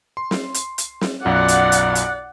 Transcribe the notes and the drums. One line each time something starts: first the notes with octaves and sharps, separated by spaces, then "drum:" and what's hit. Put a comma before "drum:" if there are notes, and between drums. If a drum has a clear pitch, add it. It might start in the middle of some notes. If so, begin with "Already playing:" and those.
C6
drum: snare
drum: hi-hat
drum: hi-hat
drum: snare
B1 F#2 F4 D5 F#5
drum: hi-hat
drum: hi-hat
drum: hi-hat